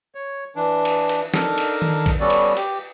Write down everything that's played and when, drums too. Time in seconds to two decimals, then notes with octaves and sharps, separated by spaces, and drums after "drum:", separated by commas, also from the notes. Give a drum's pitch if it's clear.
0.15 C#5
0.56 E3 D4
0.85 drum: cymbal
1.09 drum: cymbal
1.34 D4 D#4 A4 A#4, drum: snare
1.58 drum: cymbal
1.82 drum: tom D#3
2.06 drum: kick, cymbal
2.20 G3 B3 C#4 F#4 A4 D5
2.30 drum: cymbal
2.57 G4, drum: cymbal